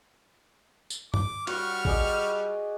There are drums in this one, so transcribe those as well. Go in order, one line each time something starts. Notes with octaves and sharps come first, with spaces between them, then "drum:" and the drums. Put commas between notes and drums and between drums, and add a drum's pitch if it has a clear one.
drum: tambourine
D6, drum: tom G2
G3 F#4 F#5 C#6 F6, drum: cymbal
G#4 D5 D#5, drum: kick